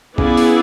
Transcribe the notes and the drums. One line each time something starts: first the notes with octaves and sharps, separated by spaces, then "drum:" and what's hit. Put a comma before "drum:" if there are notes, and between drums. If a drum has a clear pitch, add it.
C#3 B3 E4 G#4 D5, drum: kick
drum: open hi-hat